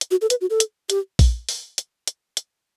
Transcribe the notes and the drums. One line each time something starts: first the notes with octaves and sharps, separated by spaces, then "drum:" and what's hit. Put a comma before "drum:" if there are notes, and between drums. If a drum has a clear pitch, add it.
drum: hi-hat
F#4
A4
B4, drum: hi-hat
F#4
A4
drum: hi-hat
G4, drum: hi-hat
drum: kick A#1, open hi-hat
drum: open hi-hat
drum: hi-hat
drum: hi-hat
drum: hi-hat